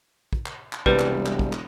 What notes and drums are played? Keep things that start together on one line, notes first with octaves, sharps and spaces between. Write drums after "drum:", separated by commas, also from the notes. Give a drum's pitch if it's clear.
drum: kick
drum: clap
drum: clap
E1 C2 G3 B4, drum: kick
drum: clap
drum: clap
drum: kick
drum: clap